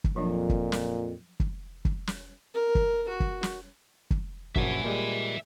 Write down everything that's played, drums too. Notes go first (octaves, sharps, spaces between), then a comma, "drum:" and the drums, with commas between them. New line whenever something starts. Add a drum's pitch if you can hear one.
drum: kick
F2 A#2 F3 F#3 D4
drum: kick
drum: snare
drum: kick
drum: kick
drum: snare
A#4
drum: kick
F#4
drum: kick
drum: snare
drum: kick
A#1 F#2 F#4 E5 G#5, drum: kick
A#2 G3 G#3